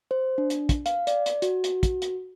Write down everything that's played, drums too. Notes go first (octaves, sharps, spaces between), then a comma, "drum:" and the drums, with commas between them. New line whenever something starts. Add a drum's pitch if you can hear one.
C5
D4
drum: hi-hat
drum: kick, hi-hat
F5, drum: hi-hat
D5, drum: hi-hat
drum: hi-hat
F#4, drum: hi-hat
drum: hi-hat
drum: kick, hi-hat
drum: hi-hat